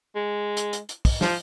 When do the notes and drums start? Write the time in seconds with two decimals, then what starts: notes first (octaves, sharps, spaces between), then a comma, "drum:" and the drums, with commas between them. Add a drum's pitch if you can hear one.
0.15 G#3
0.57 drum: hi-hat
0.73 drum: hi-hat
0.89 drum: hi-hat
1.05 drum: kick, open hi-hat
1.21 F3, drum: snare